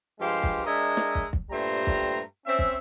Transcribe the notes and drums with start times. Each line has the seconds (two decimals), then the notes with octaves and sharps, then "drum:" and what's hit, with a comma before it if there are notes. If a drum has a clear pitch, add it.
0.20 G2 F3 G#3 G4 C5 F5
0.43 drum: kick
0.65 G#3 D4 A#4 D#5 E5
0.97 drum: snare
1.15 drum: kick
1.33 drum: kick
1.51 G2 A#2 G3 A3 C5 A#5
1.87 drum: kick
2.46 C4 C#4 E5
2.59 drum: kick